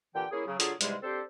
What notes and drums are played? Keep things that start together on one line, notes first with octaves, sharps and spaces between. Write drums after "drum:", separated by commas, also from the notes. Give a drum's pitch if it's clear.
A#2 D3 E3 G4 G5
A#3 C#4 E4 G#4
C#3 F#3
D3 F#3 F4 G#4, drum: hi-hat
E2 G#2 C3 G3 G#3, drum: hi-hat
C4 D4 G4 A4 C5